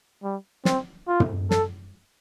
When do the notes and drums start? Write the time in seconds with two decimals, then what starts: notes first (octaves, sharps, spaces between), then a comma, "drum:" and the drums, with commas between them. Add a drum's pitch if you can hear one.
0.24 G3
0.65 C4, drum: snare
1.08 F4
1.20 drum: tom
1.51 A4, drum: snare